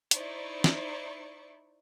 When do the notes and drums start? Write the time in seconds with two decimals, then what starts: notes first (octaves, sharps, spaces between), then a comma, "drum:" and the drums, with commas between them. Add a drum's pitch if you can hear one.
0.11 D#4 E4 C5 D5 C#6, drum: hi-hat
0.64 drum: snare